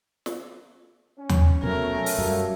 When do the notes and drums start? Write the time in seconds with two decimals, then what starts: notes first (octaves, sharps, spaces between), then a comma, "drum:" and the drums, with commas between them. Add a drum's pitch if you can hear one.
0.26 drum: snare
1.18 C#4
1.29 drum: tom D#2
1.63 B2 F#3 A3 A#4
2.06 drum: open hi-hat
2.18 F#2 F#3 G3 A#3